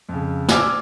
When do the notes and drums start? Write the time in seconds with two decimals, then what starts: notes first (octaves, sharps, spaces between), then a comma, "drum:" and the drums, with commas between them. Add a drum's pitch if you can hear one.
0.09 F2 C#3
0.48 D5 G#5 D6 E6 F6, drum: snare